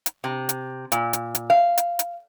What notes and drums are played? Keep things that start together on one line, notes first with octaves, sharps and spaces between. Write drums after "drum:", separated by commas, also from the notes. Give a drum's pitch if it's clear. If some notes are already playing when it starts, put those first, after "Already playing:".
drum: hi-hat
C3
drum: hi-hat
A#2, drum: hi-hat
drum: hi-hat
drum: hi-hat
F5
drum: hi-hat
drum: hi-hat